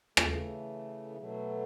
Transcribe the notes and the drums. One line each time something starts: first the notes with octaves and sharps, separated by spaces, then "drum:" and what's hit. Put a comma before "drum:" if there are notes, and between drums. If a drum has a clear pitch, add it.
C#3 E3 A3, drum: rim click
B2 F#3 A3